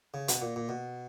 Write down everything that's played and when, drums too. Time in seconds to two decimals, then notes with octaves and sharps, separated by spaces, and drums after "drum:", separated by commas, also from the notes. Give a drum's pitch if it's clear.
0.14 C#3
0.28 B2, drum: hi-hat
0.42 A#2
0.56 A#2
0.69 B2